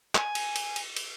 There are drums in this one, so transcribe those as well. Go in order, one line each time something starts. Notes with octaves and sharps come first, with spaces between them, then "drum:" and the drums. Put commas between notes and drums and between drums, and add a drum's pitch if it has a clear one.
G#5, drum: clap
drum: cymbal
drum: cymbal
drum: cymbal
drum: cymbal